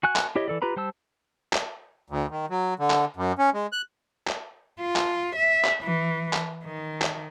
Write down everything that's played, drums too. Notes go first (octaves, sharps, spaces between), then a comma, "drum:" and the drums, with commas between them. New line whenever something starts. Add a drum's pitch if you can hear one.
F#4 G#5 F#6
drum: clap
E4 G4 C#5 D#5
E3 A4 D5
F4 G4 B4 A#5 B5
G3 C5 A5 E6
drum: clap
D2
D#3
F#3
D3
drum: clap
F#2
C#4
G#3
F#6
drum: clap
F4
drum: clap
E5
drum: clap
E3
drum: clap
D#3
drum: clap